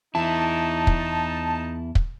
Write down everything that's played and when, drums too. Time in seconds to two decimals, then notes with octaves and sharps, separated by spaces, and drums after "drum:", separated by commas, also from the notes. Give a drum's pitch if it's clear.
0.15 E2 D#4 E4 A5
0.87 drum: kick
1.95 drum: kick